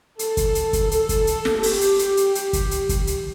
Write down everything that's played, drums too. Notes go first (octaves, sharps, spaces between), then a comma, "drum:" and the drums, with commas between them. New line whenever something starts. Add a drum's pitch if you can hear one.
A4, drum: hi-hat
drum: kick, hi-hat
drum: hi-hat
drum: kick, hi-hat
A4, drum: hi-hat
drum: kick, hi-hat
drum: hi-hat
drum: snare
G4, drum: open hi-hat
drum: hi-hat
drum: hi-hat
drum: hi-hat
drum: hi-hat
drum: kick, hi-hat
drum: hi-hat
drum: kick, hi-hat
drum: hi-hat